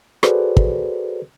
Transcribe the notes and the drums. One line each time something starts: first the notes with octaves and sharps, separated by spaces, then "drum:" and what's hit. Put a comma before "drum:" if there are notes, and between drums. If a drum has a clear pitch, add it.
F#4 G#4 A4 B4 C5 D5, drum: rim click
drum: kick